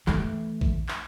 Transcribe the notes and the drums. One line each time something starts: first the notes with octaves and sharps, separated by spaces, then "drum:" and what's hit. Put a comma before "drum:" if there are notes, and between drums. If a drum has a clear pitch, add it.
E3 A3, drum: clap
drum: kick A#1
drum: clap